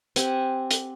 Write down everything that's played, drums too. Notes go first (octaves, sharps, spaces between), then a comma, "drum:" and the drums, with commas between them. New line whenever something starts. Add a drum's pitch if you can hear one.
C4 G4 F#5 G#5, drum: hi-hat
drum: hi-hat